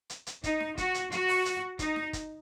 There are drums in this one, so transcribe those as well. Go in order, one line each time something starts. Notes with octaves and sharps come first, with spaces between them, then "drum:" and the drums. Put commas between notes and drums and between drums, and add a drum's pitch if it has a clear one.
drum: hi-hat
drum: hi-hat
D#4, drum: kick, hi-hat
drum: snare
F#4, drum: kick, hi-hat
drum: hi-hat
F#4, drum: hi-hat
drum: open hi-hat
drum: hi-hat
D#4, drum: kick, hi-hat
drum: snare
drum: kick, hi-hat